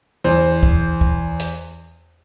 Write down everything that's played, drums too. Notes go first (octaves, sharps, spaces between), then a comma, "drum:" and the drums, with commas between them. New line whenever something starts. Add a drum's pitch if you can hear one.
E2 C5
drum: kick
drum: kick
drum: hi-hat